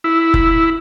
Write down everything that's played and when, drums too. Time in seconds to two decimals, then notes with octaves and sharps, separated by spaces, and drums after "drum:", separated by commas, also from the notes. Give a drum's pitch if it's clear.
0.04 E4
0.34 drum: kick F1